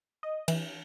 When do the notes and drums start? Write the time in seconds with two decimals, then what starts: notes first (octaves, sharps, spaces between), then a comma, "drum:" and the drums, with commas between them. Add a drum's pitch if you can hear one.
0.23 D#5
0.48 E3, drum: cymbal